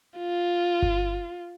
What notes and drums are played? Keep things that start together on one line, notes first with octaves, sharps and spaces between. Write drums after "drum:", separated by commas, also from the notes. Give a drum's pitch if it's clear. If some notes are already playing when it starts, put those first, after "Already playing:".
F4
drum: kick G1